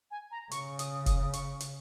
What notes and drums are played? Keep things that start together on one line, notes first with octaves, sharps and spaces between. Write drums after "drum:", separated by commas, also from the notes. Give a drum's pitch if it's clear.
G#5
A#5
C#3 C#6, drum: hi-hat
D#6, drum: hi-hat
D#6, drum: kick F1, hi-hat
C#6, drum: hi-hat
drum: hi-hat